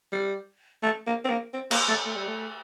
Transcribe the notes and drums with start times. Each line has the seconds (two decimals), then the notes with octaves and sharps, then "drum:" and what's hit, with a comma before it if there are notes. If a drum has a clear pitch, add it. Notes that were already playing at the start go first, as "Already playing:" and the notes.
0.12 G3
0.83 A3
1.07 A#3
1.25 C4
1.29 A#3
1.54 C4
1.71 A#3, drum: cymbal
1.88 A3
2.05 A3
2.16 G3
2.27 A3